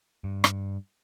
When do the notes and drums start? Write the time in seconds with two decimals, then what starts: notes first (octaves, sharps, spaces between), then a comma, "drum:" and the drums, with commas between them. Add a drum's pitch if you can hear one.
0.24 G2
0.44 drum: rim click